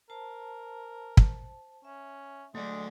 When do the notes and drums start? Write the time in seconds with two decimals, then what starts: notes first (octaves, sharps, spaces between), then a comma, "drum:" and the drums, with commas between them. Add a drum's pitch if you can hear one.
0.10 A#4 C5 A5
1.17 drum: kick
1.85 C#4 E5
2.55 F#3 G#3 A3 D5